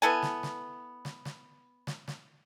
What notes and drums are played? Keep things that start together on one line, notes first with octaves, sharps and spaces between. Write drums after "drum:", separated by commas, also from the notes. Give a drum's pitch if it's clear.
B3 E4 A4 G#5
drum: snare
drum: snare
drum: snare
drum: snare
drum: snare
drum: snare